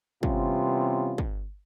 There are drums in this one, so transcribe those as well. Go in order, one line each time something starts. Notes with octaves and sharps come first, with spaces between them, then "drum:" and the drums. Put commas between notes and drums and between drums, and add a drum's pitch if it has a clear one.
C3 E3 G3 B3 C#4 F4, drum: kick
drum: kick